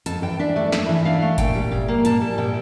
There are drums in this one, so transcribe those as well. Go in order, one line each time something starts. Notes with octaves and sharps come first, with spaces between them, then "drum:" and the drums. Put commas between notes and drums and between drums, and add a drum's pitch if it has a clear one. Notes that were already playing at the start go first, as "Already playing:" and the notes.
F2 A5, drum: hi-hat
E3 G5
D4 E5
A3 D5
F2 E5, drum: snare
E3
D4 F5
A3
A#2 G5, drum: kick G1, hi-hat
G3
A#2
A#3
A#2 A5, drum: hi-hat
G3
A#2 G5